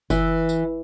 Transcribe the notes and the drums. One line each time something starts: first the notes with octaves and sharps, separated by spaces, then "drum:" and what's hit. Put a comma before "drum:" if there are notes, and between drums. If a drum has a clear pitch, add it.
E3, drum: kick F#1, tambourine
drum: tambourine